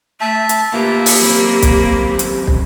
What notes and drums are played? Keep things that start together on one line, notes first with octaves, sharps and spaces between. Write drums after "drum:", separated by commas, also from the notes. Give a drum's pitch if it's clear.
A3 E5 A5
drum: hi-hat
A#3 F4 G4 B4 E5
drum: open hi-hat
F#2 C4 B5
drum: kick, hi-hat
drum: hi-hat
drum: kick